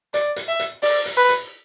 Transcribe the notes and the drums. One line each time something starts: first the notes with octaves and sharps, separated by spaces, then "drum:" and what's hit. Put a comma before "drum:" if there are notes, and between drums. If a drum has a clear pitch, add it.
D5, drum: hi-hat
drum: hi-hat
E5
drum: hi-hat
D5, drum: open hi-hat
drum: hi-hat
B4
drum: hi-hat